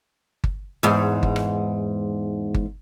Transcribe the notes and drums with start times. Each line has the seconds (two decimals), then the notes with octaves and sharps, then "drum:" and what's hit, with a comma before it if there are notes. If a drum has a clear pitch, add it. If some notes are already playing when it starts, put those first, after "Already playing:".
0.44 drum: kick G1
0.83 E2 G#2
1.23 drum: kick G1
1.36 drum: rim click
2.54 drum: kick G1